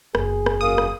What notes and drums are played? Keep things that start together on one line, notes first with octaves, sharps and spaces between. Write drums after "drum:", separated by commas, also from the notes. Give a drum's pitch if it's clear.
F#1 E2 G#4, drum: rim click
drum: rim click
F#2 A#3 D#6
drum: rim click